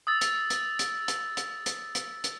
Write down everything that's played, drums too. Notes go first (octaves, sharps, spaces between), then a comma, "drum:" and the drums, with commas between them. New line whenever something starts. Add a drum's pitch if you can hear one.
D#6 E6 A6
drum: hi-hat
drum: hi-hat
drum: hi-hat
drum: hi-hat
drum: hi-hat
drum: hi-hat
drum: hi-hat
drum: hi-hat